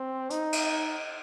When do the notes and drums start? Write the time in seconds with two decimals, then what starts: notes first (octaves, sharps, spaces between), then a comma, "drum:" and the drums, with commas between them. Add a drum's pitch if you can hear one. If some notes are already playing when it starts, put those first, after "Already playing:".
Already playing: C4
0.30 D#4, drum: hi-hat
0.53 drum: cymbal